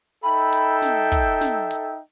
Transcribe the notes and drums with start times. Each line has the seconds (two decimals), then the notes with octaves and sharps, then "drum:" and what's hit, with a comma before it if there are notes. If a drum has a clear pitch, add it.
0.23 D#4 A4 E5 G5 B5
0.53 drum: hi-hat
0.82 drum: snare
1.12 drum: kick, open hi-hat
1.41 drum: snare
1.71 drum: hi-hat